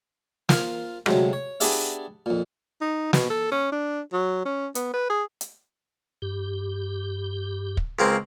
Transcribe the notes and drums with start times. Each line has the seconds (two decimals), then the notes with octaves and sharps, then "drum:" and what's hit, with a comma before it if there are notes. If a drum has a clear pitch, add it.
0.49 F4 A#4 C5, drum: snare
1.06 D2 C3 F#3 G#3, drum: rim click
1.33 C#5
1.60 B3 D4 G4 G#4 D5 E5, drum: open hi-hat
2.26 F2 A#2
2.81 D#4
3.13 B2, drum: snare
3.30 A4
3.51 C#4
3.72 D4
4.13 F#3
4.45 C#4
4.75 B3, drum: hi-hat
4.94 B4
5.10 G#4
5.41 drum: hi-hat
6.22 G2 G4
7.77 drum: kick
7.99 C#2 A#3 C4